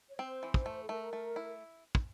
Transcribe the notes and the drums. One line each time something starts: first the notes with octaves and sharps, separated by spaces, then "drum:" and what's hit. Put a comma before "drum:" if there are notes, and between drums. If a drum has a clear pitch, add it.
C#5
C4 C5
E3
drum: kick
A3
A4
A3 A#4
A3
E4
drum: kick